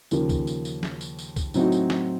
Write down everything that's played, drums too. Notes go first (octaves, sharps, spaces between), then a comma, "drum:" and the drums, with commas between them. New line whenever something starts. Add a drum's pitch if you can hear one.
D#2 C#3 F3 A#3, drum: tambourine
drum: kick C2, tambourine
drum: tambourine
drum: tambourine
drum: snare
drum: tambourine
drum: tambourine
drum: kick C2, tambourine
A2 F#3 C4 D#4 F#4, drum: tambourine
drum: tambourine
drum: snare